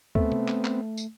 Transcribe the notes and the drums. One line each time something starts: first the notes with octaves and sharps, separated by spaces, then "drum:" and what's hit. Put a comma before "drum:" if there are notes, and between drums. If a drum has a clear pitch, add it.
A3 B3 C4, drum: kick
drum: tom C3
drum: clap
drum: clap
drum: tambourine